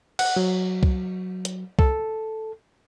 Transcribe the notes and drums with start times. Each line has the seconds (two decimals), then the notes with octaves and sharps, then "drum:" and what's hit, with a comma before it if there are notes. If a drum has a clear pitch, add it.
0.19 F#5, drum: cymbal
0.36 F#3
0.83 drum: kick C2
1.45 drum: hi-hat
1.79 A4, drum: kick C2